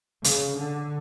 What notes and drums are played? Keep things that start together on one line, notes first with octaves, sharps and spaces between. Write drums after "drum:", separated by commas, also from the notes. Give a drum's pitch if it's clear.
C#3, drum: hi-hat
D3